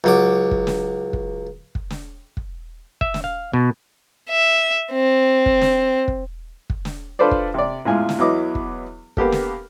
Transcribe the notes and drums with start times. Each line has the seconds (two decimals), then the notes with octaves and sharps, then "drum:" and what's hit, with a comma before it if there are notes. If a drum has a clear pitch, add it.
0.04 C#2 F#3 D6
0.51 drum: kick
0.67 drum: snare
1.13 drum: kick
1.75 drum: kick
1.90 drum: snare
2.37 drum: kick
3.01 E5, drum: kick
3.14 drum: snare
3.24 F5
3.53 B2
4.30 E5
4.92 C4
5.46 drum: kick
5.61 drum: snare
6.08 drum: kick
6.70 drum: kick
6.85 drum: snare
7.19 D4 F4 A4 B4 C5 D5
7.31 drum: kick
7.54 C3 D5
7.85 A1 E2 G#3 F4 G#5
8.09 drum: snare
8.18 E2 E3 F#3 B3 D#5 D6
8.55 drum: kick
9.17 A#3 B3 G4 A4, drum: kick
9.32 drum: snare